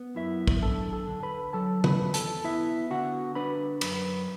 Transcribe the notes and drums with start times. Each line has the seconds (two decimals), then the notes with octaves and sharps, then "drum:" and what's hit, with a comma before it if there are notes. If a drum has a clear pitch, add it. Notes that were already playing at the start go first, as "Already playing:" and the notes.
Already playing: B3
0.16 F#2 E4 E5
0.48 drum: kick
0.62 D4 A4 A5
0.93 A4 A5
1.07 D3
1.23 B4 B5
1.53 F#3 A4 A5
1.84 B4 B5, drum: tom
2.00 E2
2.14 A4 A5, drum: hi-hat
2.44 B3 E4 E5
2.91 D3 F#4 F#5
3.35 D4 B4 B5
3.81 F#2 B4 B5, drum: cymbal